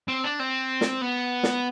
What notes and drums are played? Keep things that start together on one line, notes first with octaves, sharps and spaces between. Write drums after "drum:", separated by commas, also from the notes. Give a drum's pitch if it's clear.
C4
D4
C4
drum: snare
B3
drum: snare